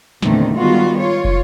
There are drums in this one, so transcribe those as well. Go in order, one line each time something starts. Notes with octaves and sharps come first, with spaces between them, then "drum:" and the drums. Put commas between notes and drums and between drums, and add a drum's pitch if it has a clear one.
E2 A#2 D3 D#3 A3 C4, drum: snare
D#3 G3 G#3 B3 F4 F#4
F4 C#5
drum: kick